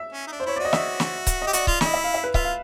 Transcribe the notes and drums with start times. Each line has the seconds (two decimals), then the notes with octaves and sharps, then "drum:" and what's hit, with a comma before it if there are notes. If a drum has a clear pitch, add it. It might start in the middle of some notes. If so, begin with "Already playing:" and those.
Already playing: E5
0.12 C#4
0.27 D#4
0.32 D4
0.40 C5
0.46 E4 C#5
0.56 F#4 D5
0.65 D#5
0.73 E5, drum: snare
1.00 drum: snare
1.27 drum: kick C#1, hi-hat
1.42 D#5
1.47 G4
1.53 F#4 D5, drum: hi-hat
1.67 F4, drum: kick C#1
1.81 E4 D#5, drum: snare
1.94 E5
2.04 F5
2.14 E5
2.24 B4
2.34 F4 E5, drum: kick C#1
2.45 F5